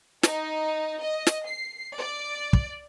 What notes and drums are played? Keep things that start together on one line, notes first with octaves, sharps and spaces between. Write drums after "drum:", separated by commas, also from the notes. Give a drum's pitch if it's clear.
D#4, drum: snare
D#5
drum: snare
C7
D5
drum: kick